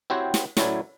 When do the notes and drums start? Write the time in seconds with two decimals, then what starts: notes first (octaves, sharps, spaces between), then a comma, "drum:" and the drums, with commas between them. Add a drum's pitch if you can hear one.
0.10 C4 E4 F#4 G4 C5 C#5
0.34 drum: snare
0.57 A2 F#3 C#4 E4 D5 G#5, drum: snare